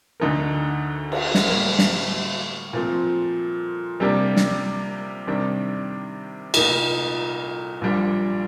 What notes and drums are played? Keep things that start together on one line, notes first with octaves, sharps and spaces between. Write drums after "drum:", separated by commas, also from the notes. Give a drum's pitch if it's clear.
D2 D3 A3 D#4 A#4
drum: cymbal
drum: snare
A2 G3 A#3
drum: snare
A#2 F3 A3 C4
C3 G3 A#3 D4 G4
drum: snare
C3 D#3 G3 D4
C2 A#2 A3 D#4 A#4, drum: cymbal
A#1 A#2 G3 D4